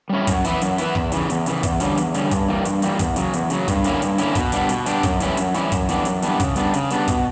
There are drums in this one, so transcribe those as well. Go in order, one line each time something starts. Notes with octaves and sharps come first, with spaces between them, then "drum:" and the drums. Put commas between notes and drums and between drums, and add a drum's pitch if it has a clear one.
G3 C#4 E4
F#2, drum: kick, hi-hat
E3 B3 E4, drum: hi-hat
F#2, drum: hi-hat
E3 B3 E4, drum: hi-hat
E2, drum: kick
C#3 E3, drum: hi-hat
E2, drum: hi-hat
C#3 E3, drum: hi-hat
E2, drum: kick, hi-hat
D3 G3 C#4, drum: hi-hat
E2, drum: hi-hat
D3 G3 C#4, drum: hi-hat
G2, drum: kick, hi-hat
E3 G3 A#3
G2, drum: hi-hat
E3 G3 A#3, drum: hi-hat
E2, drum: kick, hi-hat
C#3 F#3, drum: hi-hat
E2, drum: hi-hat
C#3 F#3, drum: hi-hat
G2, drum: kick, hi-hat
D3 A#3 C#4 E4, drum: hi-hat
G2, drum: hi-hat
D3 A#3 C#4 E4, drum: hi-hat
B2, drum: kick, hi-hat
G3 B3 D4, drum: hi-hat
B2, drum: hi-hat
G3 B3 D4, drum: hi-hat
F#2, drum: kick, hi-hat
E3 G3 C#4 E4, drum: hi-hat
F#2, drum: hi-hat
E3 G3 C#4 E4, drum: hi-hat
F#2, drum: kick, hi-hat
E3 G3 B3 D4, drum: hi-hat
F#2, drum: hi-hat
E3 G3 B3 D4, drum: hi-hat
C#3, drum: kick, hi-hat
G3 B3 D4, drum: hi-hat
C#3, drum: hi-hat
G3 B3 D4, drum: hi-hat
B2, drum: kick, hi-hat